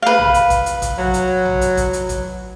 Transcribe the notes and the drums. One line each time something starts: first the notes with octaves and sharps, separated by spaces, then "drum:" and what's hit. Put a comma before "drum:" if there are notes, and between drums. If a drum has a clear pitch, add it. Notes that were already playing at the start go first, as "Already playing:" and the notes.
B4 F5
drum: tom A#1
drum: hi-hat
drum: kick A1, hi-hat
drum: hi-hat
drum: kick A1, hi-hat
F#3, drum: tom A#1
drum: hi-hat
drum: tom A#1
drum: hi-hat
drum: kick A1, hi-hat
drum: hi-hat
drum: kick A1, hi-hat